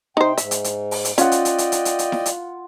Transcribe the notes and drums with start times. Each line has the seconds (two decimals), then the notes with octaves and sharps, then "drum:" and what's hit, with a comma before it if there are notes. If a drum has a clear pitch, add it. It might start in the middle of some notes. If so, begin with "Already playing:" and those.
0.17 C3 D#4 C5 G5
0.38 G#2 E5, drum: hi-hat
0.51 drum: hi-hat
0.64 drum: hi-hat
0.91 drum: open hi-hat
1.05 drum: hi-hat
1.18 C#4 F4 D5 D#5 F#5 G5, drum: hi-hat
1.32 drum: hi-hat
1.45 drum: hi-hat
1.58 drum: hi-hat
1.72 drum: hi-hat
1.85 drum: hi-hat
1.99 drum: hi-hat
2.12 drum: snare E4
2.26 drum: hi-hat